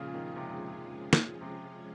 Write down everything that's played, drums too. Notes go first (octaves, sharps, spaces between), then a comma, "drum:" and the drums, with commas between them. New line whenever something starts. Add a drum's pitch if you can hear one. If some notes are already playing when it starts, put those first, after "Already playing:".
Already playing: A#2 C#3 F3 G#3 C#4 F4 G#4
D#3
C3
drum: snare
C3